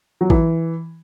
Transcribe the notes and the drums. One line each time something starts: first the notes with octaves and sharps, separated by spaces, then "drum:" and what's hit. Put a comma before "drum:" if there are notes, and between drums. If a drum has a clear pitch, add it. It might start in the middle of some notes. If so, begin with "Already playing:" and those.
F#3
E3, drum: kick A1